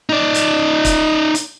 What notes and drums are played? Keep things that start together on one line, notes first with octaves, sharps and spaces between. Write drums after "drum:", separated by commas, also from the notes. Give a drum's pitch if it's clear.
D#4 D5
drum: hi-hat
drum: kick, hi-hat
drum: hi-hat